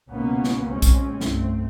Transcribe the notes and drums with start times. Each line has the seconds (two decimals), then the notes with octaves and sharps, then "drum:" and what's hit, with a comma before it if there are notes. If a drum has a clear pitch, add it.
0.10 C#2 B2 A#3 B3 C#4
0.44 drum: snare
0.69 A#2 G#3 C4 C#4
0.82 drum: kick B1, hi-hat
1.21 C2 G2 A3 C4, drum: snare